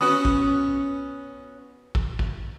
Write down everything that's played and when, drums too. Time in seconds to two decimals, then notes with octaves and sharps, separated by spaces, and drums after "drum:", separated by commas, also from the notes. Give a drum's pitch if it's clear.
0.01 B3 C#4 F#4 D#6
0.25 drum: kick
1.95 drum: kick
2.19 drum: kick